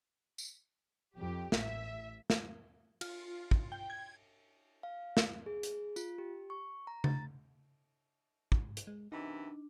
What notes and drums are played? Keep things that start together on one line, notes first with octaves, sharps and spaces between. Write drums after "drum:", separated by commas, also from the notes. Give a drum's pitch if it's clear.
drum: tambourine
F2 G4
A1 E5, drum: snare
drum: snare
F4, drum: cymbal
drum: kick
G5
G#6
F5
drum: snare
G#4
drum: hi-hat
F4, drum: tambourine
G4
C#6
A#5
A6, drum: tom C#3
G#2, drum: kick
drum: hi-hat
G#3
F#2 C3 E3 D4 D#4